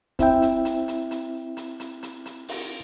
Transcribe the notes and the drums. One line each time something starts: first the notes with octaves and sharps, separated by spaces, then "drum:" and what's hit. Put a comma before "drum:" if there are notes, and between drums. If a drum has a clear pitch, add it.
C4 E4 E5 G5, drum: kick, hi-hat
drum: hi-hat
drum: hi-hat
drum: hi-hat
drum: hi-hat
drum: hi-hat
drum: hi-hat
drum: hi-hat
drum: hi-hat
drum: open hi-hat